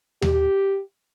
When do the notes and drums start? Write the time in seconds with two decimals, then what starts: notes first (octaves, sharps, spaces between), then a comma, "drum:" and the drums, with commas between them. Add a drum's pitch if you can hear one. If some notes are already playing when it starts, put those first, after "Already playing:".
0.22 G4, drum: tom D#2